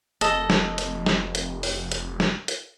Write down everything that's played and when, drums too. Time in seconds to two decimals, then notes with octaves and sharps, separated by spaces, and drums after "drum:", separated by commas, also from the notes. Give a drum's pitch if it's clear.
0.21 F1 A4 D#5, drum: hi-hat
0.50 drum: snare
0.78 drum: hi-hat
1.06 drum: snare
1.35 drum: hi-hat
1.63 drum: open hi-hat
1.92 drum: hi-hat
2.20 drum: snare
2.48 drum: hi-hat